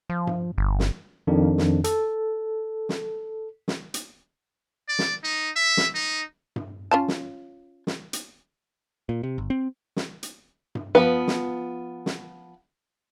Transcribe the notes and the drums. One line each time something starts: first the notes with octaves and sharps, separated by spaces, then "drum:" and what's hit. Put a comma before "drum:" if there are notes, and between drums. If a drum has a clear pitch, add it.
F3
drum: tom G2
G1
drum: snare
F2 D#3 D4
drum: snare
A4, drum: hi-hat
drum: snare
drum: snare
drum: hi-hat
D5
drum: snare
D#4
E5
drum: snare
D#4
drum: tom G2
C#4 F4 A5
drum: snare
drum: snare
drum: hi-hat
A#2
C3
G1
C4
drum: snare
drum: hi-hat
drum: tom G2
F3 B3 B4
drum: snare
drum: snare